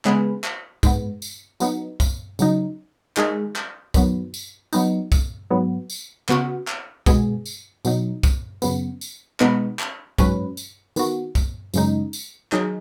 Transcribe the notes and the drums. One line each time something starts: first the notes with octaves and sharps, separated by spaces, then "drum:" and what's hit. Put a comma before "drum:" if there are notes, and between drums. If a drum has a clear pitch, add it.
C#3 G#3 B3 G#4 B4, drum: clap
drum: clap
G#2 G#3 B3, drum: kick, tambourine
drum: tambourine
F#3 B3 D#4, drum: tambourine
drum: kick, tambourine
C#3 F#3 D#4, drum: tambourine
D#3 G#3 D#4 G#4, drum: clap
drum: clap
D#3 F#3 B3, drum: kick, tambourine
drum: tambourine
F#3 B3 D#4, drum: tambourine
drum: kick, tambourine
G#2 F#3 B3
drum: tambourine
C#3 B3 F#4, drum: clap
drum: clap
B2 G#3 B3 G#4, drum: kick, tambourine
drum: tambourine
B2 F#3 D#4, drum: tambourine
drum: kick, tambourine
F#2 C#3 B3, drum: tambourine
drum: tambourine
B2 G#3 B3 D#4 B4, drum: clap
drum: clap
G#2 F#3 C#4 B4, drum: kick, tambourine
drum: tambourine
D#3 B3 F#4, drum: tambourine
drum: kick, tambourine
F#2 C#3 G#3 D#4, drum: tambourine
drum: tambourine
D#3 F#3 D#4 G#4, drum: clap